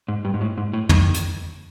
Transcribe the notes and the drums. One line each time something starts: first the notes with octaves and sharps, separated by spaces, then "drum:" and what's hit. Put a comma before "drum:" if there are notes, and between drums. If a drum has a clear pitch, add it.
G#2
G2
G#2
A2
G#2
A2
D#3, drum: tom
drum: hi-hat